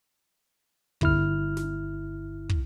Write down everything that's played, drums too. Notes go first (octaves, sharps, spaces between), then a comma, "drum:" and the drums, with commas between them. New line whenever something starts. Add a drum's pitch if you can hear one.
G1 E4 F6, drum: kick
drum: snare
drum: kick